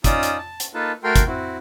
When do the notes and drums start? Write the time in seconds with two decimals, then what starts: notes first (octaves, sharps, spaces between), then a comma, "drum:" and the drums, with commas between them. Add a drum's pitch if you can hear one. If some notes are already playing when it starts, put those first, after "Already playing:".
0.04 C#4 D#4 F4 D5 D#6 E6, drum: kick, hi-hat
0.23 drum: hi-hat
0.37 A5
0.60 drum: hi-hat
0.74 A#3 D#4 F4 A4 B4 A5
1.04 A3 F#4 A4 A#4 G5 C6
1.16 drum: kick, hi-hat
1.26 C4 E4 F#4